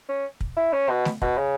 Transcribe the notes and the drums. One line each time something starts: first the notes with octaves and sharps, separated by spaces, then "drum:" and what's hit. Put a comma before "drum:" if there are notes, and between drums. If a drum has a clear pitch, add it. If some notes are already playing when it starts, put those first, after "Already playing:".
C#4
drum: kick
E4
C#4
B2
drum: snare A3
B2, drum: kick
C#3